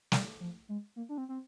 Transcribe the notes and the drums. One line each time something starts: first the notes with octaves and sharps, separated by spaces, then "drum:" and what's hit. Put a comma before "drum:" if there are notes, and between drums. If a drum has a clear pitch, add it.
G3, drum: snare
F3
G#3
A#3
D4
C4
C4